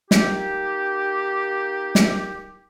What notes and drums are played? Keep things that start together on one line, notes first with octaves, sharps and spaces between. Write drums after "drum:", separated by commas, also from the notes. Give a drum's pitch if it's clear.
A#3 D#4 G4, drum: snare
drum: snare